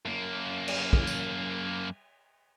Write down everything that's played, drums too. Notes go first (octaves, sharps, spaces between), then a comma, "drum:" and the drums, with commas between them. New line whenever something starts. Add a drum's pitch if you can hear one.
F#2 A#3
drum: cymbal
drum: kick
drum: tambourine